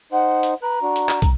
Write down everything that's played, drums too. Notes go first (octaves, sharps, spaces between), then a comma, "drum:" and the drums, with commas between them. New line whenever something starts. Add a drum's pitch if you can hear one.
D#4 C5 F#5
drum: hi-hat
B4 A#5 F#6
D4 F#4
drum: hi-hat
drum: clap
drum: kick, hi-hat